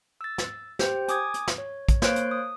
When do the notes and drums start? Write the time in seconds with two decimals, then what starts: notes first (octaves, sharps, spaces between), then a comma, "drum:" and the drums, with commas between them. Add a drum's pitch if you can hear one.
0.21 E6 A6
0.38 drum: snare
0.79 G4 C5 G5, drum: snare
1.08 G#5 D6 D#6 G#6, drum: hi-hat
1.34 drum: hi-hat
1.48 drum: snare
1.58 C#5
1.89 drum: kick, hi-hat
2.02 A#3 C5 C#5 F5 F#6 D7, drum: snare
2.16 drum: hi-hat
2.31 D#6